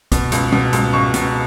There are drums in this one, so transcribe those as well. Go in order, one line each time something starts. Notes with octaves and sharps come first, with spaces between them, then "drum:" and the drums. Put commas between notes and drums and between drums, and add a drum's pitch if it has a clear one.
B2, drum: kick, hi-hat
C#2, drum: hi-hat
B2, drum: tom G3
C#2, drum: hi-hat
C#2 C#6
B2, drum: hi-hat